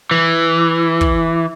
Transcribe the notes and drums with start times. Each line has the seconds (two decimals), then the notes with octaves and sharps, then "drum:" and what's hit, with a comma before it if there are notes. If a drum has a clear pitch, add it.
0.11 E3
1.01 drum: kick